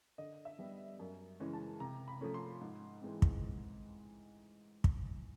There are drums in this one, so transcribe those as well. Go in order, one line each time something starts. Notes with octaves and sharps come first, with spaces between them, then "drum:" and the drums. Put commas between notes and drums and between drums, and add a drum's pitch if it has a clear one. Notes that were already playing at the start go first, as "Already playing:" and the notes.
D3 D#5
E5
G3 B3
F#2
C#3 E3 G#3 C#4
A5
C3 A#5
B5
F3 A3 C#4
C6
G#2
E3 G#3 C4
drum: kick
drum: kick